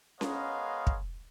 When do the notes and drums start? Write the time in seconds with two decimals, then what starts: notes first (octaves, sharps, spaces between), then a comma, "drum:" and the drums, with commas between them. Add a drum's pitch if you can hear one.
0.21 G#3 B3 A#4 C#5 D#5 F5, drum: snare C#4
0.87 drum: kick